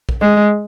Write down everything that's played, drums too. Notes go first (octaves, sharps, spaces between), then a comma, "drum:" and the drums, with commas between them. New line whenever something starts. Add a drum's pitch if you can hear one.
drum: kick A#1
G#3